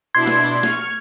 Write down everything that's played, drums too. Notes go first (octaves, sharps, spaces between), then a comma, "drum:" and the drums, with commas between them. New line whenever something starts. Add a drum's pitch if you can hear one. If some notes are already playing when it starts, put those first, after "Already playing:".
B2 D4 E4 C6 G#6
drum: snare
drum: tambourine
C#6 F6, drum: snare